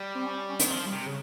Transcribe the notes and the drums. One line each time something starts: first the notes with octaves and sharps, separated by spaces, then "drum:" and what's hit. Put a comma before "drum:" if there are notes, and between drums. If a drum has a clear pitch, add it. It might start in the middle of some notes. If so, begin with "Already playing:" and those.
Already playing: G3
C4
C#4
C#4
C#4
D#3 C4, drum: hi-hat
F3 C4
G3
C3
C#3